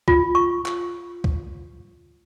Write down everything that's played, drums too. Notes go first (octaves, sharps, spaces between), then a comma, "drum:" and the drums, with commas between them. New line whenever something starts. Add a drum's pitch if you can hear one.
F4, drum: kick C#2
C#6
drum: clap
drum: kick C#2